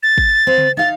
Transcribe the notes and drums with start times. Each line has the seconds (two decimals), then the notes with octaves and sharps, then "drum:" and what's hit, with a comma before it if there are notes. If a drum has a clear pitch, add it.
0.03 A6
0.18 drum: kick
0.47 C4
0.58 drum: tom C#3
0.77 D#4 F5 A6